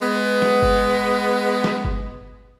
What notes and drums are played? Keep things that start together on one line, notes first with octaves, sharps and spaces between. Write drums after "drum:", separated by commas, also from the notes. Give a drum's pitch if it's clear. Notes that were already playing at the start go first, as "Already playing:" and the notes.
G#3 B3
drum: snare
drum: kick F#1
drum: snare
drum: kick F#1